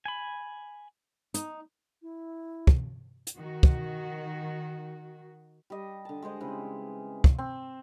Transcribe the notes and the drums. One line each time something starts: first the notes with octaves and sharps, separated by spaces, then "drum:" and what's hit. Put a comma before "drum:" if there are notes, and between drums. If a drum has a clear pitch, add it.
G#5 B5
D#4, drum: hi-hat
E4
drum: kick
drum: hi-hat
D#3 F#4
drum: kick
G3 D#5
D3 A5
G#3 G#4 C5 D#5
C#3 E3 C4 B4
drum: kick
C4